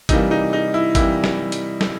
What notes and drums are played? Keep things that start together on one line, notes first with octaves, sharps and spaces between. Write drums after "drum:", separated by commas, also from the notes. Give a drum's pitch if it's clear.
C3 E3 G3 A#3 D#4, drum: kick G1, hi-hat
D#4
D#4
E4
C3 E3 G3 A#3 E4, drum: kick G1, hi-hat
drum: snare
drum: hi-hat
drum: snare